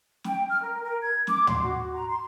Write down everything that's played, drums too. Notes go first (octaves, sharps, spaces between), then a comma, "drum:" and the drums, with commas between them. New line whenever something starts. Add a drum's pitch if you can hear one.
G5, drum: snare
F6
A#4
A#4
G#6
D6, drum: snare
C6, drum: tom
F#4
A#5
C6